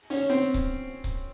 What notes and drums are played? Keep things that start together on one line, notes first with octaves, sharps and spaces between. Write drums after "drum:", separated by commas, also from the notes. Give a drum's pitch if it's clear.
C#4, drum: open hi-hat
C4
drum: kick C#1
drum: kick C#1